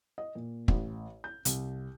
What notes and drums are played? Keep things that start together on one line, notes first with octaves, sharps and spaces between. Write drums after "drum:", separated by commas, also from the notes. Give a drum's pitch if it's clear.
D#5
A#2
A1, drum: kick
G6
C2, drum: hi-hat